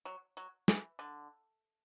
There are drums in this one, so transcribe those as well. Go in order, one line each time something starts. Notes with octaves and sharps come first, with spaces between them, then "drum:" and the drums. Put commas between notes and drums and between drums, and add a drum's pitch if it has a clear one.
F#3
F#3
E3, drum: snare
D3